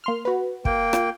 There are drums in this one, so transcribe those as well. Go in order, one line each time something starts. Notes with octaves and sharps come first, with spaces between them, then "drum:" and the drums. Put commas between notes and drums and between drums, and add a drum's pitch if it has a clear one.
A#3 C6 F6
F#4 B4
A#3 G5, drum: kick
F4, drum: rim click